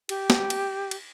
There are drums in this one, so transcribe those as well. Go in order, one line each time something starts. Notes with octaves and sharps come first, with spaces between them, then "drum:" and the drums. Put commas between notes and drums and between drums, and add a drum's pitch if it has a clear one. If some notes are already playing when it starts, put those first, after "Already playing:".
G4, drum: cymbal
drum: snare
drum: cymbal
drum: cymbal